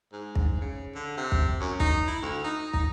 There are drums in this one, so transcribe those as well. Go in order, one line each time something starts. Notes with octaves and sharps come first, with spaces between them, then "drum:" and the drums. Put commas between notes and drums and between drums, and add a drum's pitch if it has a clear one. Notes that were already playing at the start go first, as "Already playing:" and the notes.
G#2
drum: kick
C#3
D3
C3
drum: kick
F#2
D#4, drum: kick
E4
D2
D#4
D#4, drum: kick